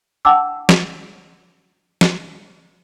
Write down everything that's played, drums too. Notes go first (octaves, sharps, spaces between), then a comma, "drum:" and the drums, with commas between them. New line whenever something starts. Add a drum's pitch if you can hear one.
F#5 G5 A5 D6 E6
drum: snare
drum: snare